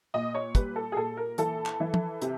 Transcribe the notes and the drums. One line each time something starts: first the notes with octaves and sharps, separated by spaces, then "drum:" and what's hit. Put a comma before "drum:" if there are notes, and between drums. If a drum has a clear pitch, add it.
A#2 D#5
C#5
G3 B4, drum: kick, hi-hat
A4
G#4
A#2 A4
A#4
E3 A4, drum: hi-hat
drum: clap
E3
drum: tom
C3, drum: hi-hat